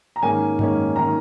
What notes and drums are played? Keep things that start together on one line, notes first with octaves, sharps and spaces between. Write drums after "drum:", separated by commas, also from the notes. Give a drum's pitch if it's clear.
A#5
G#2 D#3 A#3 C#4 G#5
G#2 D#3 A#3 C#4, drum: tom F#2
D#3 A#3 C#4 A#5